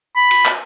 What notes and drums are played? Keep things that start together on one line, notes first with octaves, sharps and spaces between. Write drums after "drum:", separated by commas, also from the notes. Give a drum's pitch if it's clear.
B5
drum: cymbal
drum: clap